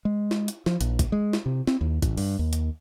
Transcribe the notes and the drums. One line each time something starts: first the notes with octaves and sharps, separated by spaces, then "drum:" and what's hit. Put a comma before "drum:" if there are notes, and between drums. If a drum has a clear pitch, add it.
G#3
drum: snare
drum: hi-hat
F3, drum: snare
A#1, drum: hi-hat
drum: kick G#1, hi-hat
G#3
drum: snare
C3
C4, drum: snare
D#2
A1, drum: kick G#1, hi-hat
G2, drum: open hi-hat
D#2
drum: hi-hat